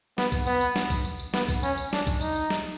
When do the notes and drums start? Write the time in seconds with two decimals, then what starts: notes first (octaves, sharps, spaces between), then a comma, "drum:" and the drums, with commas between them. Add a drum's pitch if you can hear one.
0.18 B3, drum: snare
0.32 drum: kick B1, tambourine
0.47 B3, drum: tambourine
0.61 drum: tambourine
0.76 drum: snare
0.90 drum: kick B1, tambourine
1.05 drum: tambourine
1.19 drum: tambourine
1.34 B3, drum: snare
1.48 drum: kick B1, tambourine
1.63 C#4, drum: tambourine
1.78 drum: tambourine
1.93 D4, drum: snare
2.07 drum: kick B1, tambourine
2.21 D#4, drum: tambourine
2.36 drum: tambourine
2.50 drum: snare